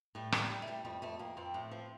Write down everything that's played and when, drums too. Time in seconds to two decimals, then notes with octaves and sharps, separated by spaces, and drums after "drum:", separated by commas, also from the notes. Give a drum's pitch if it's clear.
0.15 A2 G3
0.32 G3, drum: rim click
0.39 A#3
0.50 G3
0.62 A3
0.67 G3
0.85 F2 G3
1.02 F2 A3
1.19 F2 A#3
1.37 F2 C4
1.54 A2
1.71 F3